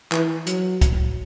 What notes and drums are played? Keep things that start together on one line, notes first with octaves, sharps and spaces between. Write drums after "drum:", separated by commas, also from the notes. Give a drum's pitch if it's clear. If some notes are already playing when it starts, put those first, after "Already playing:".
E3, drum: clap
F#3, drum: hi-hat
drum: kick, hi-hat